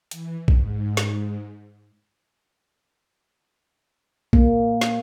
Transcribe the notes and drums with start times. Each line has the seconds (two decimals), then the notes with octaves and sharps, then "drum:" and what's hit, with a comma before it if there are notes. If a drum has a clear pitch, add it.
0.11 E3, drum: hi-hat
0.48 G#2, drum: kick
0.97 drum: snare
4.33 A#3, drum: kick
4.81 drum: snare